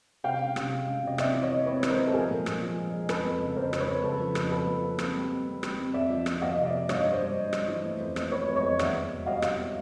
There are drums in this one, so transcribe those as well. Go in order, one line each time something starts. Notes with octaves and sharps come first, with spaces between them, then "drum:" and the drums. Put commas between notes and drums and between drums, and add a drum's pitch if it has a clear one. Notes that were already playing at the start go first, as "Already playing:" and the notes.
C3 F5 G5
C#4
C3, drum: rim click
G#3
C#4
C3 D#5
C4 D5 E5, drum: rim click
E3
C#5 D#5
E3
C4 B4 C#5
E3, drum: rim click
A#4 C5
E3
A4
F3 G#4 A#4
A#2
A#2, drum: rim click
F3
G#3
G#3
F2 A4 B4, drum: rim click
F2
C#3
F2 A#4 C5
F2, drum: rim click
B4 C#5
F2
C#3 A4 B4
F3
F2, drum: rim click
A#3 A4 B4
F3
A#3
C4, drum: rim click
G3
C4
C4
G3, drum: rim click
C4
F2 D5 E5
F3
A#3, drum: rim click
F2 D#5 F5
C3
D5 E5
A#3
G2 C#5 D#5, drum: rim click
G2
C5 D5
G2
G2
G2, drum: rim click
E3
A3
F2
A3, drum: rim click
A3 B4 C#5
F2
C#5 D#5
F2
E2 D5 E5, drum: rim click
E2
B2
G3 D#5 F5
B2, drum: rim click
B3